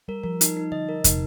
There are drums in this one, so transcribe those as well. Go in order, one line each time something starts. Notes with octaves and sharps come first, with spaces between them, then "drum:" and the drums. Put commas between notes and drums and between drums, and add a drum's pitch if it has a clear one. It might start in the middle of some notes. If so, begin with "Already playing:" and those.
G3 A#4
F3 A#4
D#4, drum: hi-hat
D#4
D3 D#5
A#4
C3 D#4, drum: kick, hi-hat